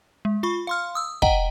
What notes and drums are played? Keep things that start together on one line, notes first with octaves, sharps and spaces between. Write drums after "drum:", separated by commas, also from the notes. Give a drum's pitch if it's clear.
G#3
F4 B5 C#6
F5 C6 F6
D#6 E6
D#5 F#5 G5 A#5, drum: kick